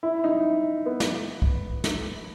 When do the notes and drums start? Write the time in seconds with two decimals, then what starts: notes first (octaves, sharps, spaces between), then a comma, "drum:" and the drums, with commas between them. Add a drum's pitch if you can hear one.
0.03 E4
0.24 D#4
0.86 B3
1.00 drum: snare
1.42 drum: kick
1.84 drum: snare